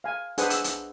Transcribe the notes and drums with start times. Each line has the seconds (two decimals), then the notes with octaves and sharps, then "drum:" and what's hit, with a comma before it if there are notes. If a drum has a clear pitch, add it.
0.04 F5 G#5
0.38 D4 G#4 B4 C5 F#5 G#5, drum: hi-hat
0.50 E6, drum: hi-hat
0.64 drum: hi-hat